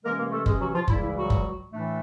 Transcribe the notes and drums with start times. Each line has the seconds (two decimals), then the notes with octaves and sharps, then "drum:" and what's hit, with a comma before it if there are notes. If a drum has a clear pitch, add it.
0.04 C3 E3 G#3 A#3 C#4 A#4
0.18 A#3 A#4
0.32 A3 A4
0.46 G#3 G#4, drum: kick F#1
0.60 F#3 F#4
0.73 F3 F4
0.88 C#2 C#3 E3 G3 E4, drum: kick F#1
1.03 E4
1.16 F#3 F#4
1.30 drum: kick F#1
1.71 A2 E3 A3 D4